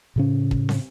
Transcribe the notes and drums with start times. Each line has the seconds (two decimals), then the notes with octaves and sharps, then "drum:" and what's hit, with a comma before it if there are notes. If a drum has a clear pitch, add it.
0.16 A2 C#3 C#4
0.51 drum: kick
0.69 drum: snare